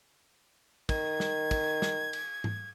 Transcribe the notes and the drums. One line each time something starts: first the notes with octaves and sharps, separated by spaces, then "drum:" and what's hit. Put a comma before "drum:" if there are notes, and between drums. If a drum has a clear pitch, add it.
D#3 G#6, drum: kick, cymbal
drum: snare
drum: kick, cymbal
drum: snare
drum: cymbal
drum: tom G#2